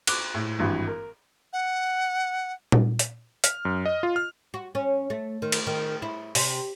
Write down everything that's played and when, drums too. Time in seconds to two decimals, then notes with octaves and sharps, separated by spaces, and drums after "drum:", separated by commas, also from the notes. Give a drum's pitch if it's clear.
0.07 D6 F#6, drum: cymbal
0.34 A2
0.59 G#1 G2 E3
0.87 A#4
1.53 F#5
2.72 drum: tom A#2
2.99 drum: hi-hat
3.44 F6, drum: hi-hat
3.65 F#2
3.86 D#5
4.03 F4
4.16 F6
4.54 F#4
4.75 C#4
5.10 A3
5.42 D#3
5.52 drum: cymbal
5.67 D#3
6.02 E4
6.35 C3, drum: open hi-hat